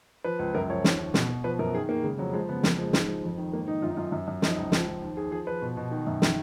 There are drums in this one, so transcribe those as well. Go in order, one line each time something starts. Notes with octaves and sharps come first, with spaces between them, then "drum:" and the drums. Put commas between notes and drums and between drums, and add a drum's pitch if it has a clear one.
F3 B4
C#2
F#2 A#4
F3 C#5
D#2, drum: snare
D#2
B2, drum: snare
B2
F3 B4
F#2 A#4
D#3 G#4
D#3 A#3
C#3 G#3
F2 F#3
F3 G#3
C#3 B3
F2 A#3, drum: snare
F3 G#3
G#2, drum: snare
F3
F2
D#3
G#2 A#3
D#3 D#4
F#2 F4
D#4
F#2 F4
F#2
F#2
F3 D#4, drum: snare
C#2
F3, drum: snare
F3
D#2
D#2 G#4
F3 G#4
F3 B4
B2
B2
D#3
F#2
D#3, drum: snare